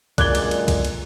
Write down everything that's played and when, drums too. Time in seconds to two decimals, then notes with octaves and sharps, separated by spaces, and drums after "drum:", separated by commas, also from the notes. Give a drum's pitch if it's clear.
0.18 F#2 A#2 D3 G#3 D5 F#6 G#6 G7, drum: kick B1, cymbal
0.35 drum: cymbal
0.51 drum: cymbal
0.68 drum: kick B1, cymbal
0.85 drum: cymbal